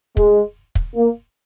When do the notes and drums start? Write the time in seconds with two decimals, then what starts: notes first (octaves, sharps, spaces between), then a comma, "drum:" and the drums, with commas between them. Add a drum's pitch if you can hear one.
0.17 G#3, drum: kick
0.75 drum: kick
0.95 A#3